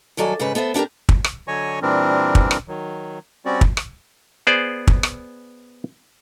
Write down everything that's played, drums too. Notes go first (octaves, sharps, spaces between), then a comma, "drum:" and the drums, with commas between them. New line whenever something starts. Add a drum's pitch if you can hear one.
G2 D#3 F#3 A4 D5 G#5
G#2 C#3 B4
B3 A4 C5 E5
B3 D4 F#4 G4 A#4
drum: kick
drum: rim click
D3 F#3 C#5 D#5 G#5 C#6
A#2 E3 G3 C4 D4 A#4
drum: kick
drum: rim click
D#3 F#3
G3 C4 C#4 F#4 D5
drum: kick
drum: rim click
B3 G#4 C5 D5
drum: kick
drum: rim click